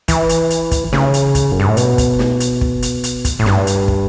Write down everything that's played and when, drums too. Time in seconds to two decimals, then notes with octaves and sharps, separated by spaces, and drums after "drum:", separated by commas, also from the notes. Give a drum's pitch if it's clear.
0.08 E3, drum: kick, hi-hat
0.29 drum: hi-hat
0.50 drum: hi-hat
0.71 drum: kick, hi-hat
0.93 C#3, drum: snare
1.14 drum: hi-hat
1.35 drum: kick, hi-hat
1.52 F#2
1.60 G2
1.68 A2
1.77 B2, drum: hi-hat
1.98 drum: kick, hi-hat
2.19 drum: snare
2.40 drum: hi-hat
2.61 drum: kick
2.82 drum: hi-hat
3.04 drum: hi-hat
3.25 drum: kick, hi-hat
3.39 A2
3.46 G2, drum: snare
3.67 drum: hi-hat
3.88 drum: kick